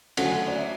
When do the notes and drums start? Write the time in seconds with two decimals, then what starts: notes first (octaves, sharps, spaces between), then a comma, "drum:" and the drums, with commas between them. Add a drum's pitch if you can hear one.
0.17 D3 F#3 A3 C#4 F#5, drum: cymbal
0.25 G#5
0.32 F#5
0.48 D5
0.58 E5